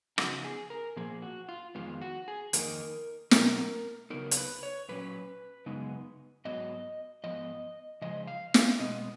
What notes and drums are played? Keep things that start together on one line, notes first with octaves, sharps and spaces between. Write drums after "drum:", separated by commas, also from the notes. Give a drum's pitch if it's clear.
C#3 F3 B3 D#4 F#4, drum: rim click
G#4
A#4
A#2 F3 A#3 G#4
F#4
F4
F2 D#3 G#3 B3 F4
F#4
G#4
F2 D#3 A#3 D#4 A#4, drum: hi-hat
B2 F#3 B3 A#4, drum: snare
C#3 F#3 B3 D#4 A#4
C#5, drum: hi-hat
B4
C#5
A#2 F#3 C#4 B4
F#2 C#3 G#3 B3 D#4
G#2 F#3 B3 D#5
G#2 F3 B3 D#5
C#3 F3 G#3 D#5
F5
F5, drum: snare
B2 G#3 B3 D#5